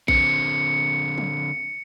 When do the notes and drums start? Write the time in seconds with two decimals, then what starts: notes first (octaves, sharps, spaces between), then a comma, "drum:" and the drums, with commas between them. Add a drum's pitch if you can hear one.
0.08 D3 C4 C#7, drum: kick A1
1.18 drum: tom F3